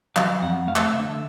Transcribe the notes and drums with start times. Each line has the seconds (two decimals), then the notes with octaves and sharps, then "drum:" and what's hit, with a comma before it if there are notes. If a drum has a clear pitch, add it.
0.16 F#3 F5, drum: clap
0.42 F2 F#5
0.68 A3 F5
0.76 E5, drum: clap
0.84 F5
0.93 D3 E5